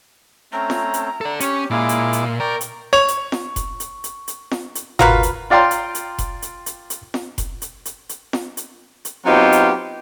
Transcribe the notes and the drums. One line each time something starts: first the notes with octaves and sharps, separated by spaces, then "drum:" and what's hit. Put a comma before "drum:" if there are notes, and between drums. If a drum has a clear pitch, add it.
A3 C4 C#4 A#5
drum: snare
drum: hi-hat
A4 D5
C#4 G4 C#6, drum: hi-hat
A#2 G#3 E4 F5 D6
drum: hi-hat
drum: hi-hat
A#4 D5 G5 C#6
drum: hi-hat
C#5 C#6 F7
drum: hi-hat
drum: snare
drum: kick F1, hi-hat
drum: hi-hat
drum: hi-hat
drum: hi-hat
drum: snare
drum: hi-hat
F4 F#4 A#4 B4, drum: tom G1
drum: hi-hat
F4 D5 F5 G5 A#5 C6
drum: hi-hat
drum: hi-hat
drum: kick F1, hi-hat
drum: hi-hat
drum: hi-hat
drum: hi-hat
drum: snare
drum: kick F1, hi-hat
drum: hi-hat
drum: hi-hat
drum: hi-hat
drum: snare
drum: hi-hat
drum: hi-hat
F#3 B3 C4 D#4 F4 G4
drum: hi-hat